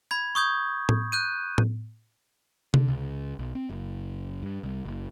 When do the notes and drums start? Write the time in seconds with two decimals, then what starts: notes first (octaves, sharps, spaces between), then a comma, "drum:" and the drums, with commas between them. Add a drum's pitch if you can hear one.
0.11 B5 G#6
0.35 C#6 D#6 G6 G#6
0.89 drum: tom A2
1.12 F#6 G6 D#7
1.58 drum: tom A2
2.74 D3, drum: tom C3
2.88 C#2
3.39 B1
3.55 C4
3.70 F#1
4.43 G2
4.63 C2
4.85 F#1